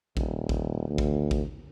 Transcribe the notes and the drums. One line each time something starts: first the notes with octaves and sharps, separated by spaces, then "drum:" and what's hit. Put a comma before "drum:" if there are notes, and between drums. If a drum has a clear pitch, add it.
D#1, drum: kick A1
drum: kick A1
D2
drum: kick A1
drum: kick A1